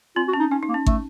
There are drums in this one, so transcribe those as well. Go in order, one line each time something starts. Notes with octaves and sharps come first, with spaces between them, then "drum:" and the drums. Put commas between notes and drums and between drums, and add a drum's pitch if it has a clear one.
C4 F4
F#4
C#4
D#4
C#4 D#4
D#4
A#3
C#4
A3, drum: kick